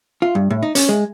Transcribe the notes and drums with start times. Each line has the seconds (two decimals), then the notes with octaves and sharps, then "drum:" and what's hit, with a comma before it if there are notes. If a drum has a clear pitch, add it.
0.22 F4
0.35 G2
0.50 A2
0.63 D#4
0.75 C#4, drum: hi-hat
0.89 G#3